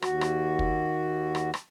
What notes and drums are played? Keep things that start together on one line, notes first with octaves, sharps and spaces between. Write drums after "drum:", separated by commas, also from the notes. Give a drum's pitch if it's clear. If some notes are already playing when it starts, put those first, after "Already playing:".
D#2 F#4, drum: rim click
drum: rim click
drum: kick
drum: rim click
drum: rim click